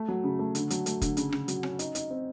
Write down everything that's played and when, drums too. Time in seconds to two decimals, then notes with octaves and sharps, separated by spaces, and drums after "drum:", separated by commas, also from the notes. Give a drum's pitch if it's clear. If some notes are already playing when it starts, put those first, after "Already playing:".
Already playing: A3
0.08 F#3
0.24 C#3
0.39 A3
0.55 D3, drum: hi-hat
0.70 F#3, drum: hi-hat
0.86 A3, drum: hi-hat
1.02 D3, drum: kick F1, hi-hat
1.17 C#3, drum: hi-hat
1.32 C#3, drum: rim click
1.48 F#3, drum: hi-hat
1.63 C#4, drum: rim click
1.79 D#4, drum: hi-hat
1.95 D#4, drum: hi-hat
2.10 C4